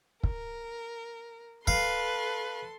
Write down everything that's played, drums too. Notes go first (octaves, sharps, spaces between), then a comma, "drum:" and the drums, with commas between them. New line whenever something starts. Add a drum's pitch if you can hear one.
A#4, drum: kick
A4 B4 F5 C6, drum: kick